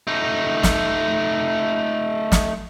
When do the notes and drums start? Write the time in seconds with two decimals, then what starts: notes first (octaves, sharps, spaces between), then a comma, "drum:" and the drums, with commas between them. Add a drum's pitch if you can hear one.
0.07 A3 D#4
0.63 drum: snare
2.32 drum: snare